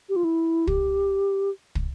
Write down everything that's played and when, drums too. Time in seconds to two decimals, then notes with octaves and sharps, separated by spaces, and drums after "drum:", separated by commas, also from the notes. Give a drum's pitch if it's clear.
0.09 G4
0.16 F4
0.24 E4
0.67 G4, drum: kick
1.75 drum: kick